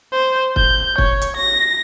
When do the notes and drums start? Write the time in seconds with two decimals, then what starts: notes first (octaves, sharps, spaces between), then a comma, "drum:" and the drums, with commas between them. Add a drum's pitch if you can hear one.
0.12 C5
0.56 G6, drum: kick
0.98 C#5, drum: kick
1.21 drum: hi-hat
1.37 A#6